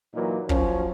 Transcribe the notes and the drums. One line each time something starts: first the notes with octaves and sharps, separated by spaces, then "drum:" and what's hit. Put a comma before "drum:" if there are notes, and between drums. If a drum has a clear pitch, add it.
A#2 E3 F#3 A#3 D#4
F3 F#3 C#4, drum: kick